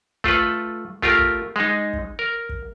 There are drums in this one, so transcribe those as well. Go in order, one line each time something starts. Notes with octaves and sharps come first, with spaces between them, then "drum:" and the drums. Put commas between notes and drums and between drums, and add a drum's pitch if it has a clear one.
A3 F4 A4 B4, drum: kick
A3 F4 G4 A#4, drum: kick
drum: kick
G#3 D#4
drum: kick
A#4
drum: kick